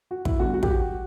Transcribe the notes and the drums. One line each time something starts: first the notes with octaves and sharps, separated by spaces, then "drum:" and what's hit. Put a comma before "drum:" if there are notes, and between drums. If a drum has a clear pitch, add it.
F#4
E4, drum: kick
D2 D3 G3 B3 F#4
F#4
G4, drum: kick
F#4